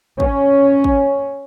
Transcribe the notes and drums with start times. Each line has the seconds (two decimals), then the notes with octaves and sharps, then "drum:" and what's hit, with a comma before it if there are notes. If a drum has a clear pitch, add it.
0.20 C#4, drum: kick
0.84 drum: kick